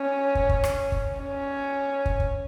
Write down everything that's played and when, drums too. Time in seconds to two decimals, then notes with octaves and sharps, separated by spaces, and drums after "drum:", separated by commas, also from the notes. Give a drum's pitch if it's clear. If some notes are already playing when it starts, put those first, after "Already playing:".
Already playing: C#4
0.35 drum: kick
0.49 drum: kick
0.64 drum: rim click
0.92 drum: kick
1.20 C#4
2.06 drum: kick
2.20 drum: kick